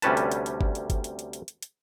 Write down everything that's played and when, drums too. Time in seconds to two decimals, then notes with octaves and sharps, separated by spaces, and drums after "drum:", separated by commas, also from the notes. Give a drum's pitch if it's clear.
0.02 D2 C3 G3 C#4 B4 A5, drum: hi-hat
0.17 drum: hi-hat
0.32 drum: hi-hat
0.46 drum: hi-hat
0.61 drum: kick G1
0.75 drum: hi-hat
0.90 drum: kick G1, hi-hat
1.04 drum: hi-hat
1.19 drum: hi-hat
1.33 drum: hi-hat
1.48 drum: hi-hat
1.62 drum: hi-hat